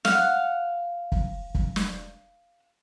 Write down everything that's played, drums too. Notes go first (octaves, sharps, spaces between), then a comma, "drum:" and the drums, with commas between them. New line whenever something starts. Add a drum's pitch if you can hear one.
F5 F#5, drum: snare
drum: kick
drum: kick
drum: snare